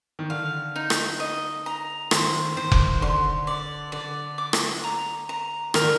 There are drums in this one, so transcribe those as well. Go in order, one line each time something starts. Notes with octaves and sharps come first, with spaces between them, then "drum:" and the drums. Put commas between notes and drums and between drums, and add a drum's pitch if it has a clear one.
D#3
D3 F5
D#4
drum: rim click
D#5
A#5
D#3 C5, drum: rim click
D#3 C5
drum: kick F1
D3 C6
D5
D3 D5
D6
drum: rim click
A#5
A#5
D#3 A#4, drum: rim click
D3